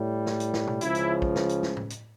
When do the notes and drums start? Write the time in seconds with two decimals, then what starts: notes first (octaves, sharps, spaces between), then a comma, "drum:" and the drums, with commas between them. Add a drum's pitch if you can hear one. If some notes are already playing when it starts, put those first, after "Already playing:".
Already playing: A2 G3
0.26 drum: snare
0.40 drum: hi-hat
0.54 drum: snare
0.67 drum: tom
0.81 C#2 C#3 F3 E4, drum: hi-hat
0.95 drum: hi-hat
1.22 drum: kick
1.36 drum: snare
1.49 drum: hi-hat
1.63 drum: snare
1.77 drum: tom A2
1.90 drum: hi-hat